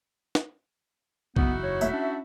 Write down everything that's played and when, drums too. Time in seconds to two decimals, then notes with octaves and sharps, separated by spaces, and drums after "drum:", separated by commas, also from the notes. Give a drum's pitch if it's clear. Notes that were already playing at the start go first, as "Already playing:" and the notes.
0.35 drum: snare
1.36 F#1 E2 B3 D#4 E4 F#4, drum: kick B1
1.63 C#5
1.81 D#1 A3 A#3 E5, drum: tambourine
1.93 C#4 D4